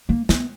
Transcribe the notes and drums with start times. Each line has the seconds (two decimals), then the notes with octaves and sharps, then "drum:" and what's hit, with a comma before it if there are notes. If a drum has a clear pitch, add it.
0.09 A#3
0.29 B3, drum: snare